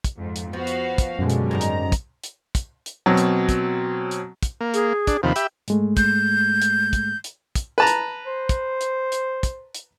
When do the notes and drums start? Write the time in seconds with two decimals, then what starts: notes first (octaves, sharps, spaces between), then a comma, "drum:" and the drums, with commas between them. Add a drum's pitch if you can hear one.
0.04 drum: kick, hi-hat
0.18 F2 G#2
0.36 drum: hi-hat
0.53 F3 B3 F#4 F5
0.67 drum: hi-hat
0.98 drum: kick, hi-hat
1.19 F#2 B2 D3 G3 G#3
1.30 drum: hi-hat
1.51 G#2 D#3 D4 A#5
1.61 drum: hi-hat
1.92 drum: kick, hi-hat
2.23 drum: hi-hat
2.55 drum: kick, hi-hat
2.86 drum: hi-hat
3.06 B2 F#3 C4
3.17 drum: hi-hat
3.49 drum: kick, hi-hat
4.11 drum: hi-hat
4.43 drum: kick, hi-hat
4.61 A#3
4.74 G#4, drum: hi-hat
5.07 D4, drum: kick, hi-hat
5.23 D#2 C3 F3 B5
5.36 G4 E5, drum: hi-hat
5.68 G#2 G#3 A3, drum: hi-hat
5.97 G6, drum: kick, hi-hat
6.62 drum: hi-hat
6.93 drum: kick, hi-hat
7.24 drum: hi-hat
7.55 drum: kick, hi-hat
7.78 B4 A5 A#5
7.87 drum: hi-hat
8.25 C5
8.49 drum: kick, hi-hat
8.81 drum: hi-hat
9.12 drum: hi-hat
9.43 drum: kick, hi-hat
9.75 drum: hi-hat